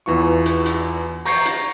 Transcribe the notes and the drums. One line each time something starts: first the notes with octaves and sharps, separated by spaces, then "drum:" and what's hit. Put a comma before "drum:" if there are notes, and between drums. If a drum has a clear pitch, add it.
E2 E3 F4 C#6
drum: hi-hat
drum: hi-hat
A#5 C#6 G6 A#6 C7 C#7, drum: open hi-hat
drum: hi-hat